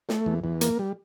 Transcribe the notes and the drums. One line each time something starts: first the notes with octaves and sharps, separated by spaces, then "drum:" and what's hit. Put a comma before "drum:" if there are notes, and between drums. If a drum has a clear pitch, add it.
A3, drum: snare
E2
E2
A#3, drum: hi-hat
G3